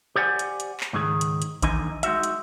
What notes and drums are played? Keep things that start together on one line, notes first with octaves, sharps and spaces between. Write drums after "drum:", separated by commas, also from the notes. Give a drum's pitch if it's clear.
G4 C5 D5 F#5 G#5
drum: hi-hat
drum: hi-hat
drum: clap
C#2 G#2 D#3 G#4
drum: hi-hat
drum: hi-hat
D#2 D3 E3 D#4 D#5 G#5, drum: kick A1, hi-hat
G#3 D#4 F#4 E5, drum: hi-hat
drum: hi-hat